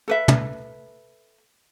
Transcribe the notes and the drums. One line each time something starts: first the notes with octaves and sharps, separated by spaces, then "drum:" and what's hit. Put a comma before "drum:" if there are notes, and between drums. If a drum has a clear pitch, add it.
A4 B4 E5
drum: tom